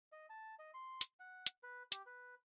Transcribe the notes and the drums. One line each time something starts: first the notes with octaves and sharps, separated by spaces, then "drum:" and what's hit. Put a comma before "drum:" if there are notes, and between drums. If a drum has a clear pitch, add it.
D#5
A5
D#5
C6
drum: hi-hat
F#5
drum: hi-hat
B4
G4, drum: hi-hat
B4